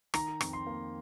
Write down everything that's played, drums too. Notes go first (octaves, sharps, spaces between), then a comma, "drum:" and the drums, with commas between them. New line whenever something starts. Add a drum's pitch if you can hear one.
D#3 A#5, drum: rim click
F2, drum: rim click
C6
A#3